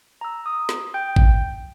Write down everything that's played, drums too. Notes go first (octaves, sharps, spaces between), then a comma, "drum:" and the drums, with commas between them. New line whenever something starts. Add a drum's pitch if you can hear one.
A#5 E6
D#6
drum: snare
G5 G6
drum: kick A1